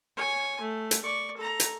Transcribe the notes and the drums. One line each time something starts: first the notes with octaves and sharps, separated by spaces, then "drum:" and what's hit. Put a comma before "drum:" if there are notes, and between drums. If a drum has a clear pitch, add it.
C#5 G#5
A3
drum: hi-hat
D5 C#6
A4 A#5
drum: hi-hat